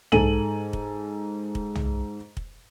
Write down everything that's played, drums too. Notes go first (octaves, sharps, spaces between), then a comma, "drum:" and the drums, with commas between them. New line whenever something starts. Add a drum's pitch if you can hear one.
G#2 A4 G#5 D#7 F#7, drum: tom
drum: kick
drum: kick
drum: tom
drum: kick